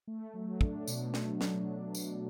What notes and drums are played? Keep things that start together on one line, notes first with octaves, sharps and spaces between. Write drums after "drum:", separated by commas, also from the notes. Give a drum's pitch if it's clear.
A3
F#3
D4, drum: kick
B2, drum: tambourine
A3, drum: snare
F#3, drum: snare
D4
B2, drum: tambourine